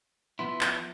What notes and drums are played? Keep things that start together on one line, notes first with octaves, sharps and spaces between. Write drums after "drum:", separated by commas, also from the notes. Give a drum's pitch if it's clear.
F3 B3 E4 C6
drum: clap